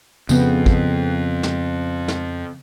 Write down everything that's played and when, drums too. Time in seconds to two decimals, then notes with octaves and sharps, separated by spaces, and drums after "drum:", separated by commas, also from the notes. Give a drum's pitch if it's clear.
0.29 F2 C#3 B3, drum: tambourine
0.66 drum: kick
1.43 drum: snare
2.08 drum: snare